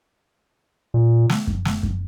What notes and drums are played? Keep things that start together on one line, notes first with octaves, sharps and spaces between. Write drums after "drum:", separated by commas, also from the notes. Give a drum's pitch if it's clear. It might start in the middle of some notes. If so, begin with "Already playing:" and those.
A#2
drum: snare
drum: kick F#2
drum: snare
drum: kick F#2